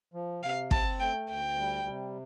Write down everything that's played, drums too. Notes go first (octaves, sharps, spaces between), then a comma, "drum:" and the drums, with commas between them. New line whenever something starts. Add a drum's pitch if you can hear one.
F3
C3 F5
C4 A5, drum: kick
A3 G5
D2 G5
G3
C3